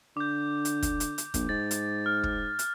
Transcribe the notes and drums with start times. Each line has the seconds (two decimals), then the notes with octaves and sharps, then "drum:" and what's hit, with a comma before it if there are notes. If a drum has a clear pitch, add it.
0.17 D3 D6 G6
0.65 drum: hi-hat
0.83 drum: kick, hi-hat
1.00 drum: hi-hat
1.18 drum: hi-hat
1.34 A#1, drum: kick, hi-hat
1.49 G#2 A6
1.71 drum: hi-hat
2.06 F6
2.24 drum: kick
2.59 drum: hi-hat